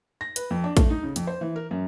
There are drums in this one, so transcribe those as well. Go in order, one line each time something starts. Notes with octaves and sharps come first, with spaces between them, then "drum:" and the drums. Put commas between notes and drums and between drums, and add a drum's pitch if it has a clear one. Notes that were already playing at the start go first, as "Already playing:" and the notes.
A#6
B4, drum: hi-hat
F2
D4
A3, drum: kick, hi-hat
D#4
C#3
F2, drum: hi-hat
C5
E3
A#4
F#2